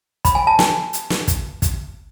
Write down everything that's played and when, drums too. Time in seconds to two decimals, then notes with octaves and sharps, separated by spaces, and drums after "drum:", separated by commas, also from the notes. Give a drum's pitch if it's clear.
0.25 B5, drum: kick, hi-hat
0.35 G#5
0.47 A5
0.59 G#5, drum: snare
0.93 drum: hi-hat
1.10 drum: snare
1.28 drum: kick, hi-hat
1.62 drum: kick, hi-hat